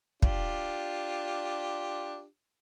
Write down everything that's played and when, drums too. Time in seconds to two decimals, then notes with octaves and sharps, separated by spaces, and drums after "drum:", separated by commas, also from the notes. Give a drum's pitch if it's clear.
0.22 D4 F4 G4, drum: kick